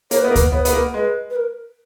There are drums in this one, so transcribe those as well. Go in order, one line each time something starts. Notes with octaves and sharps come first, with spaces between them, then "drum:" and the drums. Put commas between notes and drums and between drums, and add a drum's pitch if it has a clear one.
A#3 C#5, drum: hi-hat
B4
B3
A#4
A#3
B4, drum: kick D2, hi-hat
B3 C#5
B4
B3 A#4, drum: hi-hat
A#3 B4
G#3 B4
B4
A#4